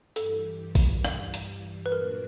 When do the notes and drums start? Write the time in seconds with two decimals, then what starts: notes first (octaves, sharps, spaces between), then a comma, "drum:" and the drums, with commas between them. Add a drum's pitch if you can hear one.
0.16 G2 E3 G3 A4, drum: hi-hat
0.75 drum: kick A#1, open hi-hat
1.04 drum: rim click
1.34 drum: hi-hat
1.86 B4
1.92 A#2 F#3 A#3 D4 A#4